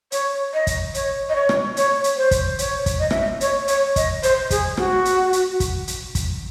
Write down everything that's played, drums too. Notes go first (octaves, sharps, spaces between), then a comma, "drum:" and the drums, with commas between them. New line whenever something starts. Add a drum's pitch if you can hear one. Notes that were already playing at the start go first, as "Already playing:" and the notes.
C#5, drum: hi-hat
D#5
drum: kick, hi-hat
C#5, drum: hi-hat
D#5
C#5
drum: rim click
C#5, drum: hi-hat
drum: hi-hat
C5
drum: kick, hi-hat
C#5, drum: hi-hat
drum: kick, hi-hat
D#5
E5, drum: rim click
D#5
C#5, drum: hi-hat
C#5, drum: hi-hat
D#5, drum: kick, hi-hat
C5, drum: hi-hat
G#4, drum: kick, hi-hat
F#4, drum: rim click
drum: hi-hat
drum: hi-hat
drum: kick, hi-hat
drum: hi-hat
drum: kick, hi-hat